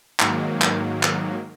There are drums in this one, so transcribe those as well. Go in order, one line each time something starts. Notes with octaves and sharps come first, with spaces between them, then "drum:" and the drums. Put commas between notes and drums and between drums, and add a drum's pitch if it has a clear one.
G#2 D#3 F#3 A#3, drum: clap
drum: clap
drum: clap